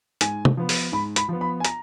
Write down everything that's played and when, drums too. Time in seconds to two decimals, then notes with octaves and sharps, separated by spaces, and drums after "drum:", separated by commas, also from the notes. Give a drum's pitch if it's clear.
0.21 G#2 G#5, drum: hi-hat
0.45 drum: tom
0.57 F3 B3
0.69 drum: open hi-hat
0.92 G#2 B5
1.16 B5, drum: hi-hat
1.28 F3 B3
1.41 B5
1.60 G#5
1.65 A#5, drum: hi-hat